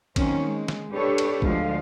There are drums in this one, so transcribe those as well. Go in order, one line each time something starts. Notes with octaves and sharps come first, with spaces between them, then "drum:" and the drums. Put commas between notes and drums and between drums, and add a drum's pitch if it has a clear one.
D#3 F#3 A#3 C4 C#4, drum: kick, cymbal
G#3
drum: snare
D4 G4 A4 B4 C#5
drum: cymbal
D2 D3 F3 G#3 F5, drum: kick